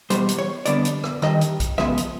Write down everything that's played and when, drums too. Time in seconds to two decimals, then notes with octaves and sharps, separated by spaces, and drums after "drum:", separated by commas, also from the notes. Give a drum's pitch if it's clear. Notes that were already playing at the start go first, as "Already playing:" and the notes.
0.10 E2 B2 G3 C5, drum: hi-hat
0.29 drum: hi-hat
0.39 C#5
0.66 F2 D3 G3 B3 D4 D5, drum: hi-hat
0.85 drum: hi-hat
1.04 drum: rim click
1.22 G2 D#3 G3 D#5, drum: rim click
1.41 drum: hi-hat
1.60 drum: kick B1, hi-hat
1.78 C#3 F3 G#3 B3 E5, drum: rim click
1.98 drum: hi-hat